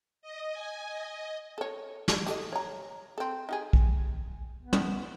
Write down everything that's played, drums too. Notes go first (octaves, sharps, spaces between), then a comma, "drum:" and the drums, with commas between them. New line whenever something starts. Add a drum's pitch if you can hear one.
D#5
G#5
D#5
A4 C#5
drum: snare
G4 A4 D#5, drum: hi-hat
C#5 A#5
C4 A4
D#4 G4 G#4
drum: kick
B3
drum: tom